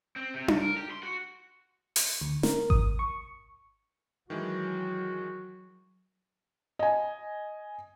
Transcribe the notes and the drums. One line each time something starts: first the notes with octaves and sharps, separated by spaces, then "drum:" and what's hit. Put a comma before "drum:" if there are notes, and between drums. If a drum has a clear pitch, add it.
C4
C3
C#2, drum: tom D4
A#4
G4
C6
F#4
C#7, drum: open hi-hat
D2
A#4, drum: snare
D#6, drum: kick G#1
C#6
D#3 E3 F#3 G#3 F#4
D#5 G#5